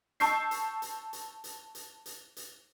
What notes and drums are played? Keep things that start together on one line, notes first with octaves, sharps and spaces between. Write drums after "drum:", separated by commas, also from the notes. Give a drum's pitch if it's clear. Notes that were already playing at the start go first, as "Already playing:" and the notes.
A5 C#6 E6 G6 C7, drum: hi-hat
drum: hi-hat
drum: hi-hat
drum: hi-hat
drum: hi-hat
drum: hi-hat
drum: hi-hat
drum: hi-hat